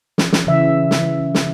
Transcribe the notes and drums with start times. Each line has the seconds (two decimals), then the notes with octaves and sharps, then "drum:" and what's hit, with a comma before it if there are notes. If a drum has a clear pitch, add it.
0.18 drum: snare
0.33 drum: snare
0.47 C#3 E3 E5
0.91 drum: snare
1.34 drum: snare